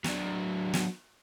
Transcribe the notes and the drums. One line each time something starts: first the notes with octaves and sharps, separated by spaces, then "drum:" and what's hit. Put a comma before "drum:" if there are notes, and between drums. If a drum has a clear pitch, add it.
F#3 D4, drum: snare
drum: snare